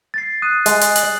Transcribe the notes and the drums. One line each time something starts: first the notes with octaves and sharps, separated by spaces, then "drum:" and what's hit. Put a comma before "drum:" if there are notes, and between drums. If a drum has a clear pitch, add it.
A6 C7
D#6 F#6 D#7
G#3, drum: hi-hat
drum: hi-hat
F#7, drum: hi-hat